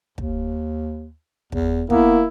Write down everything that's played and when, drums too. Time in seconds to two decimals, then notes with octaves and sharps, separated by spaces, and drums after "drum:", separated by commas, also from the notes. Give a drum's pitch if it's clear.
0.18 D#2, drum: kick
1.52 E2, drum: kick
1.90 A#3 B3 E4, drum: kick